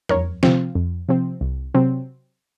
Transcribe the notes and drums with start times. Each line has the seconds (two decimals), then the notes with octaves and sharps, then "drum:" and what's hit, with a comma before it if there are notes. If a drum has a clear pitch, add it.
0.09 F2 A#4 C#5, drum: tom E2
0.43 C3 F3 C4 F4, drum: snare
0.75 F2
1.09 C3 F3 C4
1.41 C2
1.74 C3 F#3 C4